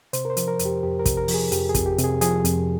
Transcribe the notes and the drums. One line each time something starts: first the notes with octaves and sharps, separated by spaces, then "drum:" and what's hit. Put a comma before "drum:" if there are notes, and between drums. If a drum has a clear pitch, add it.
C3 C5, drum: hi-hat
A#4
C5
F3, drum: hi-hat
A#4
F2, drum: hi-hat
G4
F2 G4
A#4
C3, drum: kick, hi-hat
A#4
F3, drum: open hi-hat
G#4
F2 G4, drum: hi-hat
G#4
F2, drum: kick, hi-hat
G4
C3, drum: hi-hat
G#4
F3 G#4, drum: hi-hat
F2, drum: hi-hat